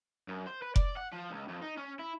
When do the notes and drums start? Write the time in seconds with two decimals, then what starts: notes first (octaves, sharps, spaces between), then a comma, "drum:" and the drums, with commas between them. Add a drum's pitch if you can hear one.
0.28 F#2
0.47 C5
0.62 B4
0.76 D5, drum: kick F1
0.97 F#5
1.12 F3
1.30 C#2
1.48 F2
1.62 D#4
1.77 C#4
1.99 E4